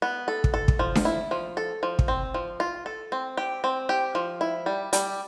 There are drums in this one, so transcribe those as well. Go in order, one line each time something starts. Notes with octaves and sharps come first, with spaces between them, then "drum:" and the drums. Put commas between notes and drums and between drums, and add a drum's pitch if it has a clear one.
B3
A4
drum: kick
A4
drum: kick
F3
drum: snare D4
E4
F3
A4
F3
drum: kick
C4
F3
F4
A4
C4
G4
C4
G4
F3
E4
G3
G3, drum: hi-hat